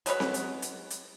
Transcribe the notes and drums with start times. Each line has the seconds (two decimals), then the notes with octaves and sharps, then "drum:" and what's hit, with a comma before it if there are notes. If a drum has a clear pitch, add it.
0.06 F#3 G#3 B4 C#5, drum: hi-hat
0.20 drum: snare C4
0.34 drum: hi-hat
0.62 drum: hi-hat
0.90 drum: hi-hat